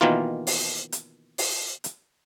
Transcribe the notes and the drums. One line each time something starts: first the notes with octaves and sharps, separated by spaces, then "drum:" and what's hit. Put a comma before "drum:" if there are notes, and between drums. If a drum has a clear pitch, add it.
B2 D#3 E3 A#3 F4
drum: open hi-hat
drum: hi-hat
drum: open hi-hat
drum: hi-hat